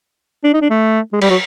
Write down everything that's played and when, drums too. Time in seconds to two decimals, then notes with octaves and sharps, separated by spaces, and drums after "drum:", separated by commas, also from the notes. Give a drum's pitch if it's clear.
0.44 D4
0.54 D#4
0.62 D4
0.70 A3
1.13 G#3
1.22 G3, drum: cymbal
1.30 F#3